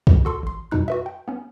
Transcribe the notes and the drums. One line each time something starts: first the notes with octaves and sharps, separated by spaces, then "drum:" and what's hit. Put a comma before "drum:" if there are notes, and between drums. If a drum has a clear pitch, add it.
drum: kick
F#4 A4 C6 C#6
A1 C6
F2 B2 G3 D#4 F#6
F#4 B4 E5
G5
B3 C#4